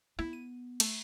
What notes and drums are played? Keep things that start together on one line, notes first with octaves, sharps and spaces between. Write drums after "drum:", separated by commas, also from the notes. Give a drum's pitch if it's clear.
B3 E4
D#7
A3, drum: cymbal